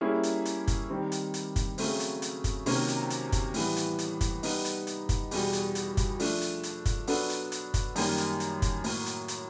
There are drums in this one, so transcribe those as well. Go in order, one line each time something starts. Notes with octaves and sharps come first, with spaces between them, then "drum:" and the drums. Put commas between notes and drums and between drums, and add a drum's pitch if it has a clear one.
G3 A#3 C#4 E4 G#4
drum: hi-hat
drum: hi-hat
drum: kick, hi-hat
D#3 G3 C4
drum: hi-hat
drum: hi-hat
drum: kick, hi-hat
C#3 F#3 A3 C4, drum: open hi-hat
drum: hi-hat
drum: hi-hat
drum: kick, hi-hat
C3 D#3 F#3 A#3 C#4, drum: open hi-hat
drum: hi-hat
drum: hi-hat
drum: kick, hi-hat
A2 E3 G3 B3, drum: open hi-hat
drum: hi-hat
drum: hi-hat
drum: kick, hi-hat
G3 B3 D#4, drum: open hi-hat
drum: hi-hat
drum: hi-hat
drum: kick, hi-hat
E2 B2 G3, drum: open hi-hat
drum: hi-hat
drum: hi-hat
drum: kick, hi-hat
F3 A3 D4, drum: open hi-hat
drum: hi-hat
drum: hi-hat
drum: kick, hi-hat
F#3 B3 D4 F#4 A4, drum: open hi-hat
drum: hi-hat
drum: hi-hat
drum: kick, hi-hat
F#2 D#3 G3 A#3, drum: open hi-hat
drum: hi-hat
drum: hi-hat
drum: kick, hi-hat
A2 F#3 A#3, drum: open hi-hat
drum: hi-hat
drum: hi-hat